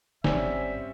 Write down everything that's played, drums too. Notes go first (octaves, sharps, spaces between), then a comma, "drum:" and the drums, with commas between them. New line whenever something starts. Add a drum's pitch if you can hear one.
G#1 G3 C4 C#4 C5 D5 E5 G#5, drum: snare